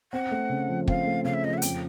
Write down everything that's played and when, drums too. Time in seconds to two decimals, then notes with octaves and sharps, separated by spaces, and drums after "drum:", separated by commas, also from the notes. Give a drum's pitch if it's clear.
0.12 C4 F#5
0.31 A3
0.49 C#3
0.69 F3
0.87 C4 F5, drum: kick
1.06 A3
1.24 C#3 F5
1.33 E5
1.44 F3 D#5
1.53 E5
1.57 F#5
1.62 F2 G5, drum: hi-hat